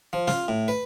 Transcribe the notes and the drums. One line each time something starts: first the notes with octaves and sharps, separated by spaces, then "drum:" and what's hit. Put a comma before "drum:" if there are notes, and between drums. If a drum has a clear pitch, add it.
F3
F4, drum: snare
A2
B4